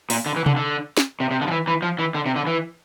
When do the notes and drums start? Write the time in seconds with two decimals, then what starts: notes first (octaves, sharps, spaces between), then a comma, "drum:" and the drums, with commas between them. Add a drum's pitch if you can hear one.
0.10 A#2, drum: open hi-hat
0.26 D3
0.36 E3
0.46 D3, drum: tom C3
0.57 D3
0.97 drum: snare
1.20 C3
1.31 C3
1.41 D3
1.48 F3
1.51 E3
1.67 E3
1.82 F3
1.99 E3
2.14 D3
2.26 C3
2.36 D3
2.47 E3